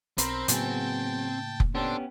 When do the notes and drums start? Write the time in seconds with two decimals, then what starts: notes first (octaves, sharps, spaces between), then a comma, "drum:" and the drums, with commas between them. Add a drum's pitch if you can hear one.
0.18 B1 C4 A#4 C5 B5, drum: hi-hat
0.48 A2 C#3 F#3 A#3 B3 G#4 G5 A5, drum: hi-hat
1.60 drum: kick F1
1.75 B3 C#4 D4 G4 A4 C5